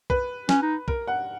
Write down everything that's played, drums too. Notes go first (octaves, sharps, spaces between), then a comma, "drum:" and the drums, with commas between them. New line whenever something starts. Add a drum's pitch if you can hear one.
B4, drum: kick
C#4, drum: snare
D#4
A#4, drum: kick
F#5